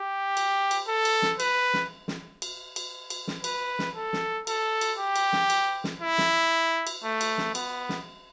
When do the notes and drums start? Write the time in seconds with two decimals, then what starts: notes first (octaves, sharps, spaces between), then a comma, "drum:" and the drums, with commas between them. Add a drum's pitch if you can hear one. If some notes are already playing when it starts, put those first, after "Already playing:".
Already playing: G4
0.37 drum: cymbal
0.71 drum: cymbal
0.88 A4
1.05 drum: cymbal
1.22 drum: snare
1.40 B4, drum: cymbal
1.74 drum: snare
2.08 drum: snare
2.42 drum: cymbal
2.76 drum: cymbal
3.10 drum: cymbal
3.28 drum: snare
3.44 B4, drum: cymbal
3.79 drum: snare
3.96 A4
4.13 drum: snare
4.47 A4, drum: cymbal
4.81 drum: cymbal
4.98 G4
5.16 drum: cymbal
5.33 drum: snare
5.50 drum: cymbal
5.84 drum: snare
6.02 E4
6.18 drum: snare
6.87 drum: cymbal
7.04 A3
7.21 drum: cymbal
7.38 drum: snare
7.55 B3, drum: cymbal
7.89 drum: snare